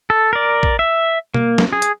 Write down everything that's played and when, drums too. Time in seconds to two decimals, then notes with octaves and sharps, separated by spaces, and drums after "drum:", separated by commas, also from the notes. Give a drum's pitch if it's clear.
0.10 A4
0.33 A#4 D5
0.63 drum: kick
0.79 E5
1.34 A#3, drum: tom B2
1.58 drum: snare
1.73 G#4
1.82 drum: hi-hat